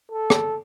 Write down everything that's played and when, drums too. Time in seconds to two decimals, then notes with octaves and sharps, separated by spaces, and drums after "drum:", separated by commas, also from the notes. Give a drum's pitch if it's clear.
0.11 A4
0.30 drum: rim click